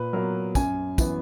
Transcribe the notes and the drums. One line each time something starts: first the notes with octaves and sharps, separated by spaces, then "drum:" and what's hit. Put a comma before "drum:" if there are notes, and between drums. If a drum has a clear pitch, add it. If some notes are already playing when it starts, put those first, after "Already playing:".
Already playing: A#2 B4
F#3 B3 A#4
F#2 G#5, drum: kick, tambourine
E3 B3, drum: kick, tambourine